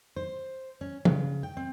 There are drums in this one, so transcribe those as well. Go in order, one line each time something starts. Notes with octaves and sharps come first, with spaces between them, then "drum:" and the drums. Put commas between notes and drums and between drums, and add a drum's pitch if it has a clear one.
C5
C#4
C#3, drum: tom
G5
C4